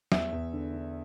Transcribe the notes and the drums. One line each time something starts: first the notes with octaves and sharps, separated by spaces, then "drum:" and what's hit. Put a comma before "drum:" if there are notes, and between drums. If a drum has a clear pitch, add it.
E2 E5, drum: snare
E2
D3
D3